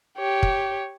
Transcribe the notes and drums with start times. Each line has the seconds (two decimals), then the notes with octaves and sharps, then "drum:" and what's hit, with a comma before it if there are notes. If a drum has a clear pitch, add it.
0.18 G4 C#5
0.43 drum: kick